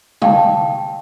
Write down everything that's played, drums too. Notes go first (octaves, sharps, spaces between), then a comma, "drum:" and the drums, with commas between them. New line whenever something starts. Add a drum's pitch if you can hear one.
F5 G5 A5, drum: tom C3